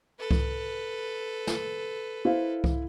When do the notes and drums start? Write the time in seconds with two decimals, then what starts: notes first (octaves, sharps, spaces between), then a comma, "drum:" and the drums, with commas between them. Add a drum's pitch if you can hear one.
0.19 A4 B4
0.31 drum: kick C2
1.47 drum: snare
2.25 E4 C5 F5
2.64 drum: kick C2